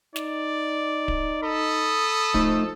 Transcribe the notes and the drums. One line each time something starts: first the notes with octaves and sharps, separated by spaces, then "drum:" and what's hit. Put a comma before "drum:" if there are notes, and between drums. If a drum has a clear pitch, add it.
D#4 D5, drum: snare
drum: kick D1
A4 B5 D#6
F3 A3 D#4, drum: kick D1